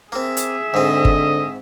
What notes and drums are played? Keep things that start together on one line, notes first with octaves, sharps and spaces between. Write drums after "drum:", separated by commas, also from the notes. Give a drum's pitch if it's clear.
A#3 C4 G#4 E5
drum: hi-hat
G#2 D3 C4 D#5
drum: kick G1